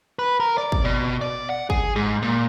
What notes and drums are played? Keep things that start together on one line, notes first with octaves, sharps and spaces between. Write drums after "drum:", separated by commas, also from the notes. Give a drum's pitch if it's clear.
B4
A#4
D5
drum: kick
B2
D5
F#5
G#4, drum: kick
G#2
A#2